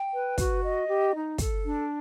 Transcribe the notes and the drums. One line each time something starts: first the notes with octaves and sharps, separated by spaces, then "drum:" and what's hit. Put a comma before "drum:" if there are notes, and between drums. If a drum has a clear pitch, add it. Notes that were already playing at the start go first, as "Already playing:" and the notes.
Already playing: G5
B4
F#4, drum: kick, hi-hat
D#5
G4
D#4
A4, drum: kick, hi-hat
D4